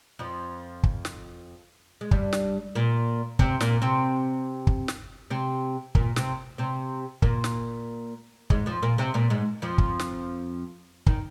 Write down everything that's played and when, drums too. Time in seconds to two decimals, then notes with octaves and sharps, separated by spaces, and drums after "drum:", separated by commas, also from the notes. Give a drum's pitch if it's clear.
0.19 F2 F3
0.83 drum: kick
1.05 drum: snare
2.01 G#3
2.11 G2 G3, drum: kick
2.33 drum: snare
2.75 A#2 A#3
3.39 C3 C4, drum: kick
3.61 A#2 A#3, drum: snare
3.82 C3 C4
4.67 drum: kick
4.88 drum: snare
5.30 C3 C4
5.95 A#2 A#3, drum: kick
6.16 C3 C4, drum: snare
6.58 C3 C4
7.22 A#2 A#3, drum: kick
7.44 drum: snare
8.50 G#2 G#3, drum: kick
8.66 F2 F3
8.82 A#2 A#3
8.98 C3 C4
9.14 A#2 A#3
9.30 G#2 G#3
9.62 F2 F3
9.78 drum: kick
9.99 drum: snare
11.06 D#3, drum: kick